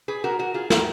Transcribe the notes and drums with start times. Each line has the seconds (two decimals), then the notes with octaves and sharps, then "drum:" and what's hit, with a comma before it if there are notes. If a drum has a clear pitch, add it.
0.08 G#4 B4
0.24 F#4 A#4
0.39 F#4 A#4
0.54 F4 G#4
0.70 F#4 A#4, drum: snare